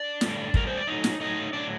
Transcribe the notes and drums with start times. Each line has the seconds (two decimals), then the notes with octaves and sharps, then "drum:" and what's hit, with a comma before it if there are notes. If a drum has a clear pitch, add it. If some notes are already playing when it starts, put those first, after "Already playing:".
Already playing: D4 D5
0.21 A2 G3, drum: snare
0.54 A2 G3 A#4, drum: kick
0.67 C5
0.77 D5
0.87 A2 F#3 D#4 D#5
1.04 drum: snare
1.21 A2 F#3 D#4 D#5
1.53 A2 F#3 D4 D5